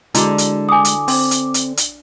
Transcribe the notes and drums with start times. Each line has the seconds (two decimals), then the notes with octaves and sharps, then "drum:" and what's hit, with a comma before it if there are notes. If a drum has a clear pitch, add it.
0.15 D3 G#3 E4 F#4, drum: hi-hat
0.38 drum: hi-hat
0.69 G#5 D6 D#6
0.85 drum: hi-hat
1.08 C4, drum: open hi-hat
1.31 drum: hi-hat
1.54 drum: hi-hat
1.77 drum: hi-hat